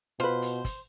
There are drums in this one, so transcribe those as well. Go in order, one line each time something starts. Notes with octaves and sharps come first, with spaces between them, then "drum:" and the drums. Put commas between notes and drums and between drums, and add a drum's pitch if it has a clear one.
B2 F4 B4 C5
drum: hi-hat
drum: kick, hi-hat